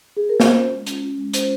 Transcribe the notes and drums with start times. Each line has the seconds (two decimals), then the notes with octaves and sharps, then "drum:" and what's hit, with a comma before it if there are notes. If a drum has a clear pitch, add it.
0.17 G#4
0.29 A#4
0.40 C#4 C5, drum: snare A#3
0.56 F4
0.72 G#3
0.86 C#4, drum: hi-hat
1.02 F4
1.18 G#3
1.34 C#4 C5, drum: hi-hat